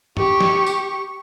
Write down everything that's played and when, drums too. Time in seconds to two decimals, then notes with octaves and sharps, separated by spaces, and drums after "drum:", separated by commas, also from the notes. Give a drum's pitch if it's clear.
0.17 G4 C#6, drum: tom G2
0.40 drum: snare
0.66 drum: tambourine